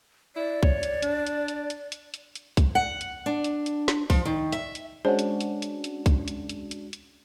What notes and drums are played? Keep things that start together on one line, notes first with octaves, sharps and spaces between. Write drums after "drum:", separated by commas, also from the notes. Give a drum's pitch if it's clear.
E4 D5
C#5, drum: kick C2
drum: hi-hat
D4, drum: hi-hat
drum: hi-hat
drum: hi-hat
drum: hi-hat
drum: hi-hat
drum: hi-hat
drum: hi-hat
drum: kick C2, hi-hat
F#5
drum: hi-hat
D4
drum: hi-hat
drum: hi-hat
drum: snare
F3, drum: kick C2, open hi-hat
D#3
E5, drum: hi-hat
drum: hi-hat
G#3 C#4 D4 F#4 C5
drum: hi-hat
drum: hi-hat
drum: hi-hat
drum: hi-hat
drum: kick C2, hi-hat
drum: hi-hat
drum: hi-hat
drum: hi-hat
drum: hi-hat